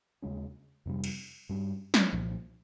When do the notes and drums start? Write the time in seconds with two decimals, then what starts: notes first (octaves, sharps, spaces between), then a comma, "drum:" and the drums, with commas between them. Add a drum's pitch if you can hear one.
0.22 D#2 C#3 G#3 C#4
0.86 F2 C3 G3
1.04 drum: cymbal
1.49 G2 G3 C#4
1.94 drum: snare
2.12 C2 A#2 F3